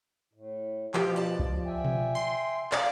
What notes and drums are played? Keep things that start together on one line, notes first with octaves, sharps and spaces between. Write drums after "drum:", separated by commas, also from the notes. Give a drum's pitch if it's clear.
A2
B2 F3 B3 G4 G5, drum: clap
D5 A5
drum: kick C2
E5 G5 G#5
drum: tom B2
C6
D5 F5 A5, drum: clap